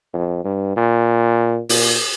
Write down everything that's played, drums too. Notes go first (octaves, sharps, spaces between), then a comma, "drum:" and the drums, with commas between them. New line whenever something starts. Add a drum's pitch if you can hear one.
F2
G2
A#2
A#2, drum: open hi-hat